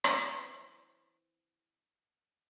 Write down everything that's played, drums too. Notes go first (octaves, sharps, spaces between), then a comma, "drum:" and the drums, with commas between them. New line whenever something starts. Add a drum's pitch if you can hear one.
E3 C4, drum: rim click